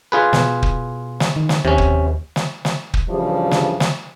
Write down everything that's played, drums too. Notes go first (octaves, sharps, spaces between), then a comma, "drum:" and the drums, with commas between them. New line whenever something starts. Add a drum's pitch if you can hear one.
F4 G#4 B4
B2, drum: snare
drum: kick
drum: snare
D#3
drum: snare
D#2 C3 C#4
drum: kick
drum: snare
drum: snare
drum: kick
D2 G2 C#3 E3 F3 G3
drum: snare
drum: snare